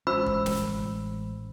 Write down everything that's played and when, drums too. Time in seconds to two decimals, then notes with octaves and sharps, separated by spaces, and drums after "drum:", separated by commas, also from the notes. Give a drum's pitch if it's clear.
0.07 A1 G#3 C#4 C5 B5 E6
0.26 drum: kick
0.46 drum: snare